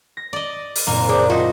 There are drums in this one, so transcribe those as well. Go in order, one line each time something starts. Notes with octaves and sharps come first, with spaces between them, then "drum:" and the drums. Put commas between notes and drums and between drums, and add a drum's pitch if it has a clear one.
A#6
D5 D#5
drum: open hi-hat
F#1 A#2 A#3 C4 G#5
D4 G#4 C5
D#3 F4 F#4 D#5